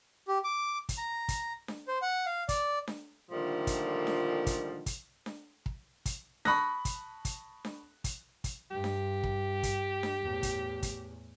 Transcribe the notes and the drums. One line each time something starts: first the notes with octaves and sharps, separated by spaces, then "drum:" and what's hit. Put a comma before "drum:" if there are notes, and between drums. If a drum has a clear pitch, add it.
G4
D6
drum: kick, hi-hat
A#5
drum: kick, hi-hat
drum: snare D4
C5
F#5
F5
D5, drum: kick, hi-hat
drum: snare D4
A#2 D3 D#3 F3 G3 A3
drum: kick, hi-hat
drum: snare D4
drum: kick, hi-hat
drum: kick, hi-hat
drum: snare D4
drum: kick
drum: kick, hi-hat
A5 B5 C#6 D#6 F#6 A#6, drum: snare D4
drum: kick, hi-hat
drum: kick, hi-hat
drum: snare D4
drum: kick, hi-hat
drum: kick, hi-hat
G2 G4
drum: snare D4
drum: kick
drum: kick, hi-hat
drum: snare D4
E2 A2
drum: kick, hi-hat
drum: kick, hi-hat